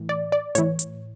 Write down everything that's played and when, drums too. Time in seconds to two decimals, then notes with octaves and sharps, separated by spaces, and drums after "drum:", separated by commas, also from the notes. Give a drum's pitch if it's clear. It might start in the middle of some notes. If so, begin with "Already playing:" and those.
Already playing: A2 E3
0.09 D5
0.32 D5
0.55 A2 E3 C#5, drum: hi-hat
0.79 drum: hi-hat